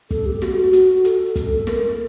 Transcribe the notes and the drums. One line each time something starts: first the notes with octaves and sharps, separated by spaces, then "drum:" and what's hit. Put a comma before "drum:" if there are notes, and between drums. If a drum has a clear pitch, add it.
A4, drum: kick
G4
F#4, drum: snare
drum: hi-hat
A4, drum: hi-hat
drum: kick, hi-hat
A#4, drum: snare